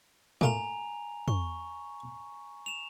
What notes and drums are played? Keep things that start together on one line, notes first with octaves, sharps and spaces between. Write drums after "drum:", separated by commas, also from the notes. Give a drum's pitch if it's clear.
A#2 A3 F4 G#5 A#5 F7, drum: tom
C#6, drum: tom
E7 F7